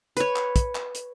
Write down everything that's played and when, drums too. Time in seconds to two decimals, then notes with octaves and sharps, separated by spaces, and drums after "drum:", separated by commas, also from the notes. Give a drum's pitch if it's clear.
0.17 B4 C#5, drum: hi-hat
0.36 drum: clap
0.56 drum: kick, hi-hat
0.75 drum: clap
0.95 drum: hi-hat